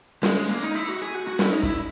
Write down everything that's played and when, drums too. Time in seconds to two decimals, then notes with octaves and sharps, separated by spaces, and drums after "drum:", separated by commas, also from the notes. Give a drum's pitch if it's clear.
0.23 G#3, drum: snare
0.36 G#3
0.49 A#3
0.63 D#4
0.75 E4
0.88 F#4
1.02 G#4
1.15 F#4
1.28 F#4
1.39 E4, drum: snare
1.51 D#4
1.63 E4, drum: kick